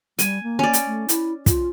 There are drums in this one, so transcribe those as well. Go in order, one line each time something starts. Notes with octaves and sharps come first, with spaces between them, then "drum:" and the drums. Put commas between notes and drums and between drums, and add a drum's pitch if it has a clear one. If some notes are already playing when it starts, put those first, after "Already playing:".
G3 G#5, drum: hi-hat
A#3
C#4 D5
drum: hi-hat
A3
E4, drum: hi-hat
F4, drum: kick, hi-hat